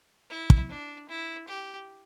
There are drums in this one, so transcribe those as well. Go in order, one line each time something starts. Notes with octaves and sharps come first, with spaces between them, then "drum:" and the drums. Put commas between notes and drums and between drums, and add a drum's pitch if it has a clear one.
E4
drum: kick
D4
E4
G4